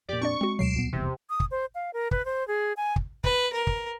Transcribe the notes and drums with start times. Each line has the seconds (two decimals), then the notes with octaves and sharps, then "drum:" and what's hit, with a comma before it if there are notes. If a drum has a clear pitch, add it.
0.09 F2 A#2 G4 D5
0.21 C4 D4 D5 C#6
0.41 G#3 C4 F#4
0.59 D2 B2 F#3 C7 D7 E7
0.74 C2 A#2 B3
0.93 D#1 B1 E2 C3
1.30 D#6
1.40 drum: kick
1.51 C5
1.75 F5
1.93 A#4
2.11 B4, drum: kick
2.25 C5
2.48 G#4
2.77 G#5
2.96 drum: kick
3.24 B4, drum: kick
3.53 A#4
3.67 drum: kick